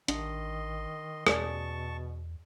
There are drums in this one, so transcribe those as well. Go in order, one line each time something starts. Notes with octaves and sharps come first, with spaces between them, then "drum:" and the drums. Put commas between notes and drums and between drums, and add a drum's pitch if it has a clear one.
A1 D#3 D4 D#5 C6, drum: hi-hat
E2 B2 G#4 D5 A5 C#6, drum: rim click